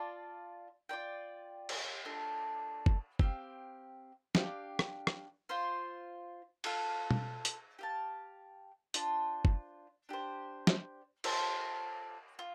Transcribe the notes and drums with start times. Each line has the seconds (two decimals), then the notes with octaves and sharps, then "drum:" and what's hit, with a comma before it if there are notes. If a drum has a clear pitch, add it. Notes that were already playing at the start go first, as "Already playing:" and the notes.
Already playing: F4 D5 F5 A5
0.89 F4 D5 G5
1.69 drum: cymbal
2.05 A3 D4 F4 D5
2.86 drum: kick
3.19 C4 G4 F5, drum: kick
4.35 D4 G4 F5, drum: snare
4.79 drum: rim click
5.07 drum: rim click
5.49 F4 C5 F5
6.64 F4 A4 F5, drum: cymbal
7.11 drum: tom B2
7.45 drum: hi-hat
7.79 G4 F5 A5
8.94 D4 F4 C5 A5, drum: hi-hat
9.45 drum: kick
10.09 D4 G4 C5
10.67 drum: snare
11.24 F4 A4 C5 A5, drum: cymbal
12.39 F4